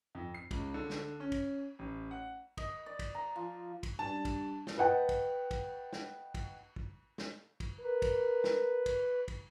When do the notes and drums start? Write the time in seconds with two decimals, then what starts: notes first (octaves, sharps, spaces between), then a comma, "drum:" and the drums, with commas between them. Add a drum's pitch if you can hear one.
0.15 F2
0.34 C7
0.51 C#2, drum: kick, cymbal
0.74 D3
0.90 drum: snare
1.20 C#4
1.32 drum: kick, cymbal
1.79 A1
2.11 F#5
2.57 D#5, drum: kick, cymbal
2.86 D5
2.99 drum: kick, cymbal
3.14 A#5
3.36 F3
3.83 drum: kick, cymbal
3.99 G3 D4 A5
4.25 drum: kick, cymbal
4.67 drum: snare
4.77 B4 D#5 F#5 G5 A5
5.09 drum: kick, cymbal
5.51 drum: kick, cymbal
5.93 drum: snare
6.34 drum: kick, cymbal
6.76 drum: kick
7.18 drum: snare
7.60 drum: kick, cymbal
7.80 A#4 B4
8.02 drum: kick, cymbal
8.44 drum: snare
8.86 drum: kick, cymbal
9.28 drum: kick, cymbal